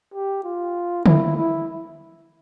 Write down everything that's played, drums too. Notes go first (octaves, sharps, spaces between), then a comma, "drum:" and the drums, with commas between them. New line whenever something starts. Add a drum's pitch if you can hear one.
G4
F4
E4, drum: tom D3
E4